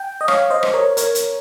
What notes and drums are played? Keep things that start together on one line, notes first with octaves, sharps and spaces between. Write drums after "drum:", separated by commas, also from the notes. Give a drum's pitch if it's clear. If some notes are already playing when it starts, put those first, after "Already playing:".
Already playing: G5
D#5
C#5 F5, drum: rim click
C5 D#5
drum: rim click
A#4 C#5
A#4 C#5, drum: hi-hat
drum: hi-hat